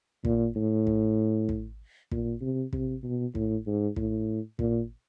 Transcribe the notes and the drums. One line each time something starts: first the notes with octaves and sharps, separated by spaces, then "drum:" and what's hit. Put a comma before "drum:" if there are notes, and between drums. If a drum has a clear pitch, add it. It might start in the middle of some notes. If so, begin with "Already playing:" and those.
A#2, drum: kick
A2
drum: kick
drum: kick
A#2, drum: kick
C3
C3, drum: kick
B2
A2, drum: kick
G#2
A2, drum: kick
A#2, drum: kick